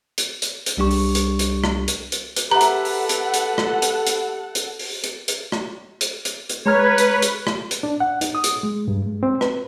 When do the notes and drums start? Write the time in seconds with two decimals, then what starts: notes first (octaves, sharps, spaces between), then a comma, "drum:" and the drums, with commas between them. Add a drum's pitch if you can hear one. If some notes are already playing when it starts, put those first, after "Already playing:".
0.18 drum: hi-hat
0.42 drum: hi-hat
0.66 drum: hi-hat
0.77 C2 G3 D4 G4 C#6
0.91 drum: open hi-hat
1.15 drum: hi-hat
1.39 drum: hi-hat
1.64 drum: rim click
1.88 drum: hi-hat
2.12 drum: hi-hat
2.36 drum: hi-hat
2.51 G4 A4 B4 E5 F#5 A#5
2.61 drum: hi-hat
2.85 drum: open hi-hat
3.09 drum: hi-hat
3.34 drum: hi-hat
3.58 drum: rim click
3.82 drum: hi-hat
4.07 drum: hi-hat
4.55 drum: hi-hat
4.79 drum: open hi-hat
5.04 drum: hi-hat
5.28 drum: hi-hat
5.52 drum: rim click
6.01 drum: hi-hat
6.25 drum: hi-hat
6.49 drum: hi-hat
6.66 G#3 B4 C#5 A#5 F6
6.98 drum: hi-hat
7.22 drum: hi-hat
7.47 drum: rim click
7.71 drum: hi-hat
7.83 D4
8.00 F#5
8.21 D#4, drum: hi-hat
8.35 D#6
8.44 drum: hi-hat
8.63 G#3
8.88 G2
9.06 G#3
9.23 C4
9.41 B4, drum: rim click